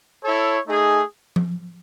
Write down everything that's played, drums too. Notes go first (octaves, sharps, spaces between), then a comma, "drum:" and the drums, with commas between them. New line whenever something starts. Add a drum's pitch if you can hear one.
E4 A4 C#5
A3 D#4 G#4
drum: tom F3